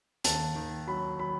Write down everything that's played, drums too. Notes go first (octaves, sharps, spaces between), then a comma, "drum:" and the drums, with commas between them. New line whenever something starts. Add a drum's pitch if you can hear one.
D#2 A5, drum: hi-hat
D#3
F#3 B5
F#3 B5